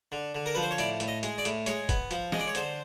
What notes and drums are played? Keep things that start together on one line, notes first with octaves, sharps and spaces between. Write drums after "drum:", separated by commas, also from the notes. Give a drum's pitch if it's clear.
D3
D3
A#4
F3 B4
C5
C#5
A2 D5, drum: hi-hat
A2, drum: hi-hat
D#5
G#3, drum: hi-hat
D5
A2, drum: hi-hat
G#3 C#5, drum: hi-hat
B3, drum: kick, hi-hat
F3, drum: hi-hat
G#3 D#5, drum: snare
D5
C#5
D3 C5, drum: hi-hat